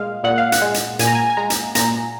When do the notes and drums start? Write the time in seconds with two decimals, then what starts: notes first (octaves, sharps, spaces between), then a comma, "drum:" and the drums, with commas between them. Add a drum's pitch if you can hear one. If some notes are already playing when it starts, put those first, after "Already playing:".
Already playing: A#2 G#3 F5
0.24 A#2 F#5
0.38 F5
0.52 F#5, drum: hi-hat
0.62 G#3
0.74 drum: hi-hat
0.99 A#2 G#5, drum: hi-hat
1.07 A#5
1.15 G#5
1.30 G#5
1.37 G#3 A#5
1.50 drum: hi-hat
1.75 A#2 A#5, drum: hi-hat